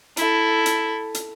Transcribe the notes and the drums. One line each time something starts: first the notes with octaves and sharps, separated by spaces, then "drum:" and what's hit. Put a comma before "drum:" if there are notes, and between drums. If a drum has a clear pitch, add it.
E4 A4, drum: hi-hat
drum: hi-hat
drum: hi-hat